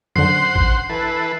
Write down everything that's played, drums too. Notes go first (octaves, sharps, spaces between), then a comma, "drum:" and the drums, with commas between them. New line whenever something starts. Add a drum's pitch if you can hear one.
F#2 D3 C5 F#5 C6 C7
drum: kick
E3 A4 B4